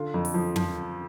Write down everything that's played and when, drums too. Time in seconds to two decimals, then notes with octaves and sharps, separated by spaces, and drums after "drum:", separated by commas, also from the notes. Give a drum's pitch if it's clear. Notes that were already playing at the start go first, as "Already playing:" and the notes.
Already playing: D3 F4
0.14 F2
0.25 drum: open hi-hat
0.34 F3
0.56 F3, drum: tom